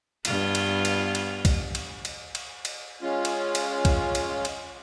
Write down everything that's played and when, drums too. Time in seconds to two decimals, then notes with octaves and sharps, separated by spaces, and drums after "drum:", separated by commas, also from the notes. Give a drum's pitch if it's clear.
0.25 G2 B3 F4, drum: cymbal
0.55 drum: cymbal
0.85 drum: cymbal
1.15 drum: cymbal
1.45 drum: kick, cymbal
1.75 drum: cymbal
2.05 drum: cymbal
2.35 drum: cymbal
2.65 drum: cymbal
3.02 G#3 C#4 F4
3.25 drum: cymbal
3.55 drum: cymbal
3.85 drum: kick, cymbal
4.15 drum: cymbal
4.45 drum: cymbal